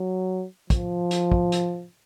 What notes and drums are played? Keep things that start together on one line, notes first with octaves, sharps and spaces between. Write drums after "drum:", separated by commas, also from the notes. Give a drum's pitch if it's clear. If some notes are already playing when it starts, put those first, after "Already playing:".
Already playing: F#3
F3, drum: kick, hi-hat
drum: hi-hat
drum: kick
drum: hi-hat